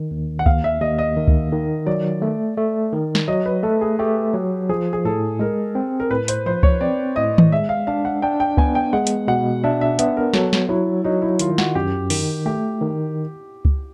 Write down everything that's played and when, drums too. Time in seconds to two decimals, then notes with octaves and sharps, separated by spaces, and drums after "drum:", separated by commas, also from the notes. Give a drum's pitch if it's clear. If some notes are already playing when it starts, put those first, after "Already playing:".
Already playing: D#3
0.11 D#2
0.39 F#5
0.46 D#2 F5, drum: kick C#2
0.64 E5
0.81 D#2 D#5
0.98 D#5
1.17 D#3
1.28 drum: kick C#2
1.52 D#3
1.87 F#3 D5
2.22 A3
2.57 A3
2.92 D#3
3.15 drum: snare
3.28 F#3 D#5
3.46 B4
3.63 A3 A4
3.81 G#4
3.99 A3 G4
4.34 F#3
4.69 F3 G#4
4.93 G#4
5.05 A2 A4
5.39 G#3 A#4
5.75 C4
6.00 A#4
6.11 A2 B4
6.28 C5, drum: hi-hat
6.46 F3 C5
6.63 C#5, drum: kick C#2
6.81 C4 D5
7.16 A2 D#5
7.38 drum: tom D#3
7.52 G#3 E5
7.69 F5
7.87 D4 F5
8.05 F#5
8.22 D4 G5
8.40 G5
8.57 B3 G#5, drum: kick C#2
8.75 G5
8.93 G#3 F#5
9.07 drum: hi-hat
9.28 B2 F#5
9.64 D4 E5
9.81 E5
9.99 B3 E5, drum: hi-hat
10.17 A#4
10.34 F#3 A4, drum: snare
10.53 drum: snare
10.69 F#3 E4
11.04 F#3 D#4
11.22 E4
11.39 D#3 F4, drum: hi-hat
11.58 F#4, drum: snare
11.75 F#2 G4
12.10 D#3, drum: open hi-hat
12.46 A3 G4
12.81 D#3
13.65 drum: kick C#2